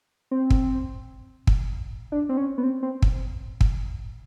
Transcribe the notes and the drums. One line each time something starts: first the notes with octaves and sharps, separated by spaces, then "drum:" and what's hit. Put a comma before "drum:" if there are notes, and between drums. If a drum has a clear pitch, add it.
C4
drum: kick
drum: kick
D4
C4
C#4
B3
C4
C4
drum: kick
drum: kick